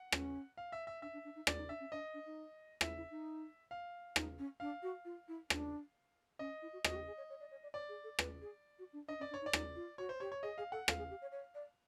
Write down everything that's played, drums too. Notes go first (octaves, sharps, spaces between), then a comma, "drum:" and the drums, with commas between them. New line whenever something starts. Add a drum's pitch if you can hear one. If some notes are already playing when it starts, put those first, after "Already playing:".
Already playing: F#5
C#4, drum: rim click
F5
E5
E5
D4 E5
D4
D4
D#4
D4 D5, drum: rim click
D#4
D4 E5
C#4
D4 D#5
D4
D#4
E4 E5, drum: rim click
E4
D#4
F5
D#4, drum: rim click
C#4
D4 F5
F#4
F4
E4
D4, drum: rim click
C#4 D#5
E4
F#4
G4 D#5, drum: rim click
F#4
G4
G#4
C#5
C#5
D5
C#5
D5
C#5 D5
G#4
A4
B4, drum: rim click
G#4
F#4
D4
D4 D#5
C#4 D5
D4
C#5
D#4
D5
D#4, drum: rim click
F4
F#4 C#5
C5
G4 C#5
C#5
G#4 D#5
G#4 F5
A4 F#5
A4 F5, drum: rim click
G#4
G4
C#5
C#5
D5